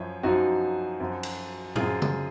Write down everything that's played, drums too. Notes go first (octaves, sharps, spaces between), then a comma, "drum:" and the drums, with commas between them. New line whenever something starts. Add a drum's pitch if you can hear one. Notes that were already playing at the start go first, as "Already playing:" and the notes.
Already playing: F#2 F3 C#5
F#2 F3 D#4 F#4
F#2 F3
drum: cymbal
F#2 F3 F4 G#4, drum: tom
drum: tom C#3